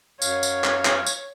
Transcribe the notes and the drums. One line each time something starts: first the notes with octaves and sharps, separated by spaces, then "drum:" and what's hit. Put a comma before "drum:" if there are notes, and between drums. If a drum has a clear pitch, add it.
F#2 C#5 F5, drum: tambourine
drum: tambourine
drum: clap
drum: clap
drum: tambourine